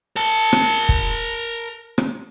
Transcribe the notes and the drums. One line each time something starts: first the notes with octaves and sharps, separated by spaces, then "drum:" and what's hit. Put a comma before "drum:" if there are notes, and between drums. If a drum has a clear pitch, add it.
A#4 A5
drum: rim click
drum: kick
drum: rim click